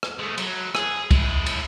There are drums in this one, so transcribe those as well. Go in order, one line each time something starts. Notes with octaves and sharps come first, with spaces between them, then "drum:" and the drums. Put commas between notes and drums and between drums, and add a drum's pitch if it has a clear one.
drum: rim click
G#3 A3
F#3, drum: cymbal
G#4, drum: rim click
G#3 E4, drum: kick, cymbal
drum: cymbal